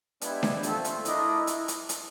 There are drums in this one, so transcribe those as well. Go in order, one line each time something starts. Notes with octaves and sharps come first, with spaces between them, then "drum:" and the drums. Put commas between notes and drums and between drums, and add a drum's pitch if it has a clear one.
G#3 B3 D4 E4 G4, drum: hi-hat
drum: snare D4
A3 C4 F4 A4, drum: hi-hat
drum: hi-hat
A3 D4 E4 F4 A#4 D#5, drum: hi-hat
drum: hi-hat
drum: hi-hat
drum: hi-hat